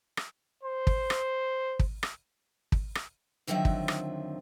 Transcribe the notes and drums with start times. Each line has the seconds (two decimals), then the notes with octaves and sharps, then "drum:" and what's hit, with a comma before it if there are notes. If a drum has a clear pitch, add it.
0.17 drum: rim click
0.64 C5
0.87 drum: kick
1.10 drum: rim click
1.79 drum: kick
2.03 drum: rim click
2.72 drum: kick
2.95 drum: rim click
3.47 F2 D3 D#3 F3 F#3 E5
3.65 drum: kick
3.88 drum: rim click